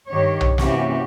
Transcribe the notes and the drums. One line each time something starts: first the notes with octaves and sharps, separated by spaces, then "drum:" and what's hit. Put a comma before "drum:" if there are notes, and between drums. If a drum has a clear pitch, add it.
G2 D#3 G4 C#5
drum: tom B1
C3 E3 A#3 C#4 F#4 G4, drum: snare